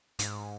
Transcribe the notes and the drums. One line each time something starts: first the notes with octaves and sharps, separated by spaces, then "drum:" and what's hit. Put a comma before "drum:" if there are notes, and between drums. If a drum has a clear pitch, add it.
G#2, drum: hi-hat